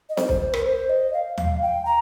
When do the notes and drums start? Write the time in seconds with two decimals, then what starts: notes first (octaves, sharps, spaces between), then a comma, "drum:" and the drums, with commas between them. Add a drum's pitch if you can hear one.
0.09 D#5
0.17 C5, drum: snare C4
0.29 C5, drum: kick B1
0.42 C5
0.54 A#4, drum: rim click
0.66 C5
0.90 D#5
1.13 F5
1.38 F5, drum: tom D#2
1.62 G5
1.85 A#5